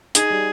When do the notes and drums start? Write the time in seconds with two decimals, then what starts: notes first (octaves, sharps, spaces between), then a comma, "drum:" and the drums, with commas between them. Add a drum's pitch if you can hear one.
0.15 D#4 G#4, drum: hi-hat
0.30 G3